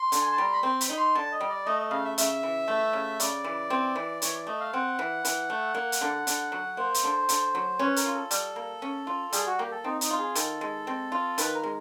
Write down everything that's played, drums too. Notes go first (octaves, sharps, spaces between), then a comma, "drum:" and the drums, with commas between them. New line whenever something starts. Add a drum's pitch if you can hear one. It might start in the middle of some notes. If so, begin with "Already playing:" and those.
Already playing: C6
D3, drum: hi-hat
G#5
A5
G3 A#5
B5
C4 C6
B5, drum: hi-hat
D#4
C6
D3 A5
D#5
G3
D5
A3 D#5
D#5
C#3 F5
E5
C#3 E5, drum: hi-hat
E3
A3
C#3
C#3 D5, drum: hi-hat
E3
C4
E3
E3 C#5, drum: hi-hat
D5
A3 D#5
F5
C4 F#5
E3
E3, drum: hi-hat
A3
A#3
drum: hi-hat
D3
D3, drum: hi-hat
F#3
A#3 C5
drum: hi-hat
D3
D3, drum: hi-hat
F#3
C#4 B4
A#4, drum: hi-hat
F4
A4
G3, drum: hi-hat
A#3
C#4
F4
G3 G#4, drum: hi-hat
F#4
A#3 G4
A4
C4 D#4
D#4, drum: hi-hat
F4
G#4
D#3 A4, drum: hi-hat
G#3
C4
F4
D#3 B4, drum: hi-hat
A#4
G#3